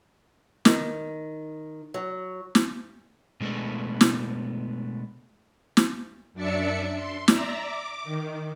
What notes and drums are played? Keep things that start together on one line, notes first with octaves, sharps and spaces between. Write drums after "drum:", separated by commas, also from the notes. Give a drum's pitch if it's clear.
D#3, drum: snare
F#3
drum: snare
B2 G#3 A3 B3 D4
drum: snare
drum: snare
F#2 D4 D5 E5 C#7
C6
D5 E5 A#5, drum: snare
D6
D#3